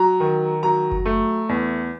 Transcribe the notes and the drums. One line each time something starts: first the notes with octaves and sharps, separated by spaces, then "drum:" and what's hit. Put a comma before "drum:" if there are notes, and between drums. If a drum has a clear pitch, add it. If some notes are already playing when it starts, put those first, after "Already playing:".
Already playing: F#3 A#5
D#3
F#3 A#5
drum: kick F#1
A3
E2